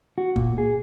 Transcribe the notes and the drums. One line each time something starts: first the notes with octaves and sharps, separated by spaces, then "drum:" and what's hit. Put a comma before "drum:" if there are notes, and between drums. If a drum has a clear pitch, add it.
F#4
A#2, drum: kick
G#4